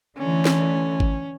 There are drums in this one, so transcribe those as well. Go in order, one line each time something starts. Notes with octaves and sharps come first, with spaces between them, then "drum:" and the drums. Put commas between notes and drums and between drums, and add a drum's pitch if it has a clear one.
D3 E3 A3 C#4
drum: snare
drum: kick